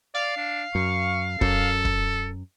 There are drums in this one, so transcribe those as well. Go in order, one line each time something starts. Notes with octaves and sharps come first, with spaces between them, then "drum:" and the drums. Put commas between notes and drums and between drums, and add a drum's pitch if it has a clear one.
D5 F5
D4
F#2 C#6
F#2 A4, drum: kick
drum: kick